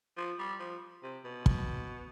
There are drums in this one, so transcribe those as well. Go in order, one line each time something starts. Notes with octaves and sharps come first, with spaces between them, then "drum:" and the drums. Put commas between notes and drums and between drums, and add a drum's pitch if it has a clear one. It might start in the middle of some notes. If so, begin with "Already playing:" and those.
F3
G3
F3
C3
B2
drum: kick